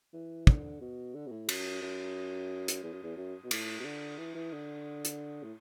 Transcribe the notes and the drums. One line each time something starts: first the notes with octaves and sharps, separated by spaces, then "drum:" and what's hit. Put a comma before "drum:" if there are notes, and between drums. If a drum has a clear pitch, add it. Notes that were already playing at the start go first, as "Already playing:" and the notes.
E3
D3, drum: kick
B2
D3
B2
A2
F#2, drum: cymbal
F#2
drum: hi-hat
E2
F#2
E2
F#2
B2
A2, drum: cymbal
B2
D3
E3
E3
D3
drum: hi-hat
A2